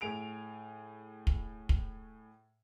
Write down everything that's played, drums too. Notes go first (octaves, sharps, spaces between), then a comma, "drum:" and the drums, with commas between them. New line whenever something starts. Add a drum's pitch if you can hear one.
A2 G#4 D7 F7
drum: kick
drum: kick